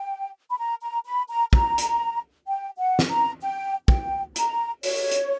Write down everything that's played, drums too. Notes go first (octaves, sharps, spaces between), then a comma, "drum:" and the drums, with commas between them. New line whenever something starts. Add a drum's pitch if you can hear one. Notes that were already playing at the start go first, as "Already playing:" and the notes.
Already playing: G5
B5
A#5
A#5
B5
A#5
A#5, drum: kick
drum: hi-hat
G5
F#5
drum: snare
A#5
G5
G5, drum: kick
A#5, drum: hi-hat
C#5, drum: open hi-hat
drum: hi-hat